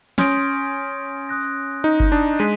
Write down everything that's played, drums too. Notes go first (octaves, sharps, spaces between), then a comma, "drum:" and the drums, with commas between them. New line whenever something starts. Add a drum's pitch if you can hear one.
C#4 C6 D#6 G6 A#6 D7, drum: snare
D#6 F#6 A#6
D#4
drum: kick F#1
D4
G#3 B6 D#7